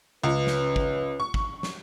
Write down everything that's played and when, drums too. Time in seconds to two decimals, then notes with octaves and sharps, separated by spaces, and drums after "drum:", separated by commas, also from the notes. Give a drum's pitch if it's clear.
0.24 C#2 C#4 B4
0.47 drum: snare
0.76 drum: kick
1.20 C#6
1.34 drum: kick
1.63 drum: snare